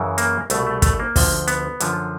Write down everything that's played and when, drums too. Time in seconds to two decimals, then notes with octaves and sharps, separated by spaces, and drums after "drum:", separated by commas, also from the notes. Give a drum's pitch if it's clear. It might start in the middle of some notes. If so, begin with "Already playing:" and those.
Already playing: F#2 C#3 E3
0.18 A#3, drum: hi-hat
0.50 C2 B2 A3, drum: hi-hat
0.67 A3
0.82 A3, drum: kick, hi-hat
1.00 A#3
1.16 D2 D3 F3, drum: kick, open hi-hat
1.48 B3, drum: hi-hat
1.80 F#2 D3 F3, drum: hi-hat